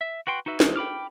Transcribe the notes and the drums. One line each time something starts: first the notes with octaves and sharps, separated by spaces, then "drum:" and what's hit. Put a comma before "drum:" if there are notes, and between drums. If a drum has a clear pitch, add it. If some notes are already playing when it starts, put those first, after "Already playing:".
E5
F#4 B4 G5 C6
D#4 F#4 B4 E5
E3 G#3, drum: snare
G5 B5 D6 F6